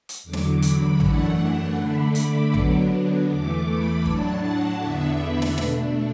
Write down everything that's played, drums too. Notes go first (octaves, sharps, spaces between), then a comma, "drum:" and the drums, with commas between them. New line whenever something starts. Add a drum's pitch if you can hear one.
drum: hi-hat
E2 D3 F#3 D6
drum: snare
B5, drum: hi-hat
F#2 E3 A3 D4 F#5, drum: tom A1
D3 A3 D4 B5
D6, drum: hi-hat
D3 F#3 B3 D4, drum: tom A1
E2 E3 A3 D6
B5
A2 F#3 D4 A5, drum: kick
F#5
E2 D3 B3 D4 E5
B5
drum: snare
B2 A3 D4, drum: snare